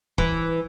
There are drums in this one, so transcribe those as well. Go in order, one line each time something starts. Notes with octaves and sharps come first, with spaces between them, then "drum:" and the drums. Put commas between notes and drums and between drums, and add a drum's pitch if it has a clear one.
E3, drum: kick